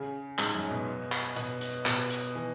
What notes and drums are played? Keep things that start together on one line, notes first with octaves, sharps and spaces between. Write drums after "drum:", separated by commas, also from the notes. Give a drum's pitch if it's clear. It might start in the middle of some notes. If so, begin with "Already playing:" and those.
Already playing: C#3
G#2, drum: clap
F#2
B2
drum: clap
B2, drum: hi-hat
drum: hi-hat
B2, drum: clap
drum: hi-hat
E3